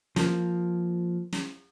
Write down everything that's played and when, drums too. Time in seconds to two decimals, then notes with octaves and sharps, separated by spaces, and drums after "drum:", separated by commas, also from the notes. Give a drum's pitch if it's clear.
0.16 F3 A#3, drum: snare
1.33 drum: snare